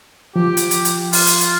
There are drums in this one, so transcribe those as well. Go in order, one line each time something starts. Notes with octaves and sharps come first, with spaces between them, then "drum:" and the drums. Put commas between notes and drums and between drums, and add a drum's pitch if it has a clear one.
F3 G4
drum: hi-hat
drum: hi-hat
drum: hi-hat
F4, drum: open hi-hat
drum: hi-hat
drum: hi-hat